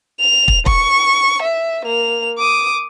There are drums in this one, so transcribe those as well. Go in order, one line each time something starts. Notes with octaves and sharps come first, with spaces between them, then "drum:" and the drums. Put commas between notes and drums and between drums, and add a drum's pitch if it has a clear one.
F7
drum: kick
C#6, drum: kick
E5
A#3 F7
D6 D#6